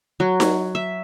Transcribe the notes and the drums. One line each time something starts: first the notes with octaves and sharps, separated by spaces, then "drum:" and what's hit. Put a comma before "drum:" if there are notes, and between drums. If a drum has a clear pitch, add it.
F#3
drum: snare D#4
E5